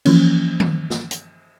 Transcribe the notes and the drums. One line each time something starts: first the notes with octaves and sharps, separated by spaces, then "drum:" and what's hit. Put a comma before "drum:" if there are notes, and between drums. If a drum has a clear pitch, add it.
E3 F3 A#3 C#4, drum: cymbal
drum: tom D#3
drum: snare
drum: hi-hat